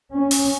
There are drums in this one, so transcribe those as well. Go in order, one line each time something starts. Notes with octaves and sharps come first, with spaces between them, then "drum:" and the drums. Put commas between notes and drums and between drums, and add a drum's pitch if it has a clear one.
C#4
drum: open hi-hat